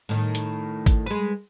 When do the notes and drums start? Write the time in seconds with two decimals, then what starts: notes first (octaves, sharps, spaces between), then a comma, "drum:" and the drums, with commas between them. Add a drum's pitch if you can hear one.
0.09 A2 D#3
0.35 drum: hi-hat
0.86 drum: kick G#1, hi-hat
1.06 G#3 B4